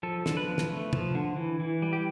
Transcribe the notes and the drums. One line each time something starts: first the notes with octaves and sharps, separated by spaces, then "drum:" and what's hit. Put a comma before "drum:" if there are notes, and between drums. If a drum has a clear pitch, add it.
F3 A4
D3, drum: snare
B4
F3
drum: snare
A3
F3, drum: tom
D3
E3
E3
G3
G4